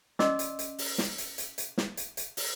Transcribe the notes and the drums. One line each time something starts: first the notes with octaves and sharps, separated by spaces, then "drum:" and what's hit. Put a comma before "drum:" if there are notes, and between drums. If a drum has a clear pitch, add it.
C#4 D5 D#5 C6 D6 E6, drum: snare
drum: hi-hat
drum: hi-hat
drum: open hi-hat
drum: snare
drum: hi-hat
drum: hi-hat
drum: hi-hat
drum: snare
drum: hi-hat
drum: hi-hat
drum: open hi-hat